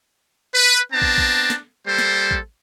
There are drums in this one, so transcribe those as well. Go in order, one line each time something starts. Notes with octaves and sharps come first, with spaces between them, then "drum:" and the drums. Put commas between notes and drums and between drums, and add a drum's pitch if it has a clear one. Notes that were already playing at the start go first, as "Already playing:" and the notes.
B4
B3 C4 D4 A5 A#5
drum: kick
drum: kick
drum: snare
G3 A#3 A4 C5
drum: snare
drum: kick